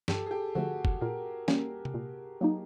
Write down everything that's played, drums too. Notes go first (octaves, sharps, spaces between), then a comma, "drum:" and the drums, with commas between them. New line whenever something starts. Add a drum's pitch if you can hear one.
G2 G4 A4, drum: snare
G#4
G4 A4
D3 F3 A3 F#4 G#4
drum: kick F#1
A#2 G#4 A#4
G3 A#3 C#4, drum: snare
drum: tom C3
A#2
F#3 A#3 D#4